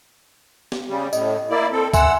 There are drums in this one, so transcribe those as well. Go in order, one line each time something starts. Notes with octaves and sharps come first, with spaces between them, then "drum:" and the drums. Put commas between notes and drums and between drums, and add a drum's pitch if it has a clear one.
drum: snare
C#3 G3
A2 D#5, drum: tambourine
A#3 E4 D5
C4 A4
E5 F#5 G#5 C6 E6, drum: kick C#2, tambourine